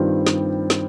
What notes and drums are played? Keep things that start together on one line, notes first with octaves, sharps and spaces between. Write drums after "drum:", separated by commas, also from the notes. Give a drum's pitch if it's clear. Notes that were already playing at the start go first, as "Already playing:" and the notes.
Already playing: G2 D#3 G3 C4 F4
drum: snare
drum: snare